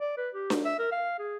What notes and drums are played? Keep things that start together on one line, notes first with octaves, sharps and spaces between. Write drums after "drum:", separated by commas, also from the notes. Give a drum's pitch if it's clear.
D5
B4
G4
drum: snare D4
E5
A#4
F5
G#4